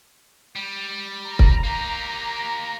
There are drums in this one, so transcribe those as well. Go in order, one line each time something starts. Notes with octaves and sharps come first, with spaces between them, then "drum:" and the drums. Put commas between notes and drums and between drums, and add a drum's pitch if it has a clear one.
G3
A#5
drum: kick C#1
A#3 G4